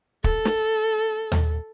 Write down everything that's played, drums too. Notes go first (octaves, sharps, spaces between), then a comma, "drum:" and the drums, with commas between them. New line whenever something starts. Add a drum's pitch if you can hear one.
A4, drum: kick
drum: snare
drum: tom D#2